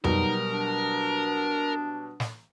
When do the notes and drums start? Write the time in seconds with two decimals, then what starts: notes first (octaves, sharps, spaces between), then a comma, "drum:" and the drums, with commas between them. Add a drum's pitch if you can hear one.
0.04 B2 F#3 G3 D#4 A#4, drum: tom F2
0.51 D4
2.20 drum: snare